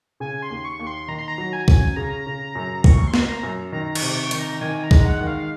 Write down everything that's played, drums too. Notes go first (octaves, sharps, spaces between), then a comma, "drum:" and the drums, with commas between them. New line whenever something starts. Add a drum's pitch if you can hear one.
C#3 G#5
C6
D#2
C#6
D#2
C6
D#3 A#5
C6
A#5
F#3
G#5
C#4, drum: kick C2
C#3 A#5
C#3
F#2
F#1 C#6, drum: kick C2
C6
A#3, drum: snare
A#5
F#2
D#3 A#5
C#6, drum: cymbal
C3
C#6
D#3, drum: hi-hat
A#5
D#3 G#5
A#5
G#3, drum: kick C2
F#5
D#3
F5